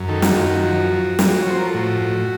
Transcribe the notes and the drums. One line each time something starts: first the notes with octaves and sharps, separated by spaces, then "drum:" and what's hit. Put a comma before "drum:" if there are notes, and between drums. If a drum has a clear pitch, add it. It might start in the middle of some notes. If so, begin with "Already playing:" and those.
Already playing: F#2
D#3 A4
F#4, drum: snare
F#2 F4
F#4
F3 F#4
F3
F3, drum: snare
C#5
F3 C5
A#4
A4
A2 F#4
A2